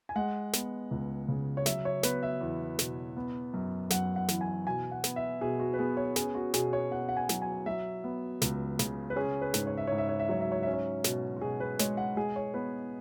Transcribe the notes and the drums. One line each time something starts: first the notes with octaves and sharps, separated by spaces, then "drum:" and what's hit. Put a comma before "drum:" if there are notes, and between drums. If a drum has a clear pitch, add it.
G#5
G#3 F#5
B3, drum: snare
C#2
C#3
C#5
F#3 E5, drum: snare
C#5
B3 B4, drum: snare
E5
E2
B2, drum: snare
B3
F#2
F#2 F#5, drum: snare
F#5
E3, drum: snare
G#5
B2 G#5
F#5
B3, drum: snare
E5
B2 G#4
F#4
B4
B3 G#4
C#5
C#4 G#4, drum: snare
F#4
B2 G#4, drum: snare
C#5
B2 F#5
F#5
G#5
F#3, drum: snare
G#5
F#3 E5
B3
C#2, drum: snare
C#3, drum: snare
B4
C#4 G#4
B4
G#2, drum: snare
C#5
E5
G#2 C#5
E5
C#5
E5
F#3 C#5
E5
C#5
C#4 E5
C#5
B2, drum: snare
F#4
B2 G#4
B4
G#3 C#5, drum: snare
F#5
G#3 G#4
C#5
B3 B4